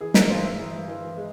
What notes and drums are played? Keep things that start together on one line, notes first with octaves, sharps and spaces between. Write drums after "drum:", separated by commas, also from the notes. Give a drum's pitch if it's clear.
E3 G#4
A#4, drum: snare
G2 C5
E5
E3
E3
G#3